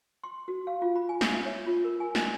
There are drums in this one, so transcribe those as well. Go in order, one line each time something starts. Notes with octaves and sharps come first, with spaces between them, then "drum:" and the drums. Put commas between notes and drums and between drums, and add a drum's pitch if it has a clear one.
C6
F#4
F5
F4
B5
G#5
drum: snare
E5
C#5
F4
A#4
G#5
G#5, drum: snare